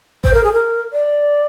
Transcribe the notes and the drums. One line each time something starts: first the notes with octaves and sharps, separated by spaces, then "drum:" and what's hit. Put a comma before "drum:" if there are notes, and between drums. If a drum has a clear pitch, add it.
C5, drum: kick A1
A#4
G#4
A#4
D5